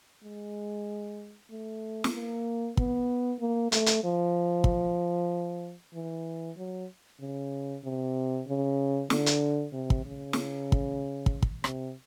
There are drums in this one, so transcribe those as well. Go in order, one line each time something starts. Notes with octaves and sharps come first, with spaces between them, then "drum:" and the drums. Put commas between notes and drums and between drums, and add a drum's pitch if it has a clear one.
G#3
A3
drum: snare
A#3
B3, drum: kick
A#3
A3, drum: hi-hat
drum: hi-hat
F3
drum: kick
E3
F#3
C#3
C3
C#3
D3, drum: snare
drum: hi-hat
C3
drum: kick
C#3
drum: snare
drum: kick
drum: kick
drum: kick
C3, drum: rim click